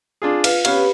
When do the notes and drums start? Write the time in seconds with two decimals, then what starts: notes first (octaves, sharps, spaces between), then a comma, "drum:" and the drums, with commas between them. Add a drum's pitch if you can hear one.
0.22 D4 F4 G#4
0.44 F4 B4 F5, drum: cymbal
0.65 B3 C#4 G4 B4 F5 B5, drum: cymbal